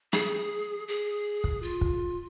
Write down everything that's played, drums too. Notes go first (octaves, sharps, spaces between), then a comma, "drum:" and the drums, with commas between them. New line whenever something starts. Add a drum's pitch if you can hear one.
G#4, drum: rim click
G#4
drum: kick
F4
drum: kick